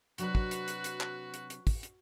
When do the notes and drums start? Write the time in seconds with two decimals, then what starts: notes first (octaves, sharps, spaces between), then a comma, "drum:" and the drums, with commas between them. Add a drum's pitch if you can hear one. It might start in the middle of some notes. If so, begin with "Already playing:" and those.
0.18 C3 F#3 D4 F#4 B4, drum: hi-hat
0.35 drum: kick
0.51 drum: hi-hat
0.68 drum: hi-hat
0.84 drum: hi-hat
1.01 drum: clap
1.34 drum: hi-hat
1.50 drum: hi-hat
1.67 drum: kick, open hi-hat
1.83 drum: hi-hat